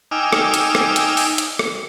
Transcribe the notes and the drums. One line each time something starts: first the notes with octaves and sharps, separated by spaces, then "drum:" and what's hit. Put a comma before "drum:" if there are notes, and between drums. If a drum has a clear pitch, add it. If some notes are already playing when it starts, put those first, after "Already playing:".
D#4 G5 G#5 D6 E6 F6
drum: rim click
drum: hi-hat
drum: rim click
drum: hi-hat
drum: open hi-hat
drum: hi-hat
drum: rim click